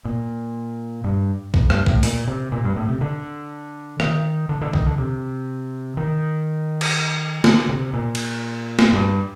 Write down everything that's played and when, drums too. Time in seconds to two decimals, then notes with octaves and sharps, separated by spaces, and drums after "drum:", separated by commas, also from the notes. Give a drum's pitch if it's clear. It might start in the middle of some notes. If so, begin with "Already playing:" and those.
0.05 A#2
1.04 G2
1.54 F2, drum: kick B1
1.70 G2, drum: rim click
1.86 A2, drum: kick B1
2.03 A#2, drum: open hi-hat
2.27 C3
2.52 A#2
2.64 G2
2.76 A2
2.89 C3
3.01 D3
4.00 D#3, drum: rim click
4.49 D3
4.61 D3
4.73 D#3, drum: kick B1
4.86 D3
4.98 C3
5.97 D#3
6.81 drum: cymbal
7.44 D3, drum: snare
7.69 C3
7.94 A#2
8.15 drum: cymbal
8.79 drum: snare
8.92 G2